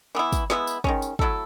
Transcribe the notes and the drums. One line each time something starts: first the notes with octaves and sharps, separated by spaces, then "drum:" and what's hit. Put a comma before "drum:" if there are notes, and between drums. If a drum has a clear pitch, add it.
E3 B3 E4
drum: kick, tambourine
G#3 B3 E4, drum: snare
drum: tambourine
D#3 G#3 C#4, drum: kick
drum: tambourine
F#3 A3 E4 A4, drum: kick